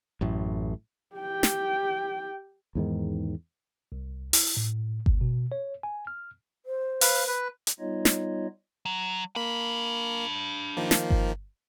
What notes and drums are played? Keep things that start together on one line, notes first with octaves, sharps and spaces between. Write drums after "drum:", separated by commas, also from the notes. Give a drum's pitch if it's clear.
A1 F#2 A2
G4 G5
drum: snare
E2 G#2 D#3
C2
E4, drum: open hi-hat
A2
D#2, drum: kick G1
B2
C#5
G#5
F6
C5
B4 F5, drum: open hi-hat
B4
drum: hi-hat
G3 B3 D#4 F4 C#5 D#5
drum: snare
F#3
A#3 D4 B5
D#3 F3 A#3
drum: snare
drum: kick G1